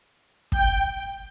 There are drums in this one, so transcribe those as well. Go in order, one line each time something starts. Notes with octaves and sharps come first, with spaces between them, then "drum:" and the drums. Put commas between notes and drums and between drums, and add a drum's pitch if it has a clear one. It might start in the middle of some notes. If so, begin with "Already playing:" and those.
G5, drum: kick